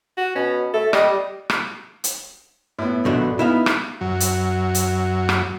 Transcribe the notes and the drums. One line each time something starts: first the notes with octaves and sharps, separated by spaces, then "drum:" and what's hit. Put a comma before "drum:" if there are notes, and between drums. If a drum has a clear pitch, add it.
F#4
B2 C#4
A3 A4
G3 D#5, drum: rim click
drum: rim click
drum: hi-hat
A2 B3
A#1 G2 B2 D3
B3 D#4 E4 E5 F5
drum: rim click
F#2 F#3
drum: hi-hat
drum: hi-hat
drum: rim click